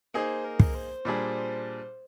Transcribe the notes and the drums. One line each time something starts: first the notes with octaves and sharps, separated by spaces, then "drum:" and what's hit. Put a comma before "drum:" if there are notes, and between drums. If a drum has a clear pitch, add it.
A#3 D#4 G#4 C5
A#4
drum: kick
C5
A#2 G3 D4 G#4